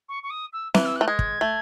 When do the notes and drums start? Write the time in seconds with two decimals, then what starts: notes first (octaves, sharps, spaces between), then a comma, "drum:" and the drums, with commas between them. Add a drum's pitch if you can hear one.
0.08 C#6
0.23 C#6
0.30 D#6
0.52 E6
0.74 E3 F#6, drum: snare C4
0.85 E6
0.95 F#6
1.01 A3
1.07 G#3 G#6
1.19 drum: kick
1.41 A3